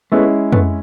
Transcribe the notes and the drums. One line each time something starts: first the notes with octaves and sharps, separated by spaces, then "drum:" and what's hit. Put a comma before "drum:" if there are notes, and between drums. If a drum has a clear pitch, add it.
G#3 A3 B3 C#4 E4
A3 B3, drum: tom F2